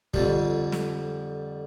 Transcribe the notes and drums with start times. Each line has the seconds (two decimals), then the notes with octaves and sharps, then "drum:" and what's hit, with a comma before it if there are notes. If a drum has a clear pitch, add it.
0.14 F2 D3 G3, drum: kick
0.72 drum: snare